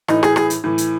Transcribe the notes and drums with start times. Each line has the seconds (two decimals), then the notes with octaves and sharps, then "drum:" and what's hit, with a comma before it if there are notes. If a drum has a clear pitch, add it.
0.08 A2 E3 D#4, drum: rim click
0.23 G#4, drum: rim click
0.36 G#4, drum: rim click
0.50 drum: hi-hat
0.64 A2 E3
0.78 drum: hi-hat